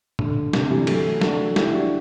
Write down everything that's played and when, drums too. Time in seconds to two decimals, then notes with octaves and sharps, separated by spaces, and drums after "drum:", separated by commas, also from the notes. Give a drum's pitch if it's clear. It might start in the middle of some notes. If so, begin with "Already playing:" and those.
0.19 D3, drum: tom A2
0.53 C3, drum: snare
0.70 E3 G3
0.87 F#3 A3, drum: cymbal
1.21 D4 F#4, drum: snare
1.56 E4 G4, drum: snare
1.73 D4 F#4